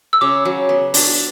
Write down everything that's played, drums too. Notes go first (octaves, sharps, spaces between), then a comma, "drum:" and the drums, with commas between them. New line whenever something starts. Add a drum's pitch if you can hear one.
E6
C#3 D6
F#3
B3
D4, drum: open hi-hat